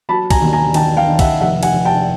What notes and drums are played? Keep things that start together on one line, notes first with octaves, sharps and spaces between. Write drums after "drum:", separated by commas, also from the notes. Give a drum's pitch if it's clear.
F#3 A5 B5
G#5 A#5, drum: kick, cymbal
D#2
G#5 A#5
D#3 G5 A5, drum: cymbal
F5 G5
D#3
E5 F#5, drum: kick, cymbal
F1 E5 F#5
F#5 G#5, drum: cymbal
F1
G5 A5